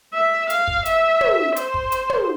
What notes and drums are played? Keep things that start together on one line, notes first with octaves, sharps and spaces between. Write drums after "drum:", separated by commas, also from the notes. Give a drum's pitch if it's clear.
E5
F5, drum: hi-hat
drum: kick
E5, drum: hi-hat
drum: tom
C5, drum: hi-hat
drum: kick
drum: hi-hat
drum: tom